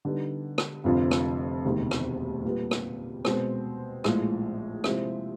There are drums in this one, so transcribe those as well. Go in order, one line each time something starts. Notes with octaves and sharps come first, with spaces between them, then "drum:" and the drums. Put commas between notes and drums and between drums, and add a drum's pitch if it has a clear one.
D3 G3 B3 D#4
drum: rim click
F1 F2 D3 F3
drum: rim click
E1 D2 C3 D#3
drum: rim click
A#2 G3 B3
drum: rim click
B2 G#3 C4, drum: rim click
A#1 A2 F3 G#3, drum: rim click
C3 F3 G#3 C4 E4, drum: rim click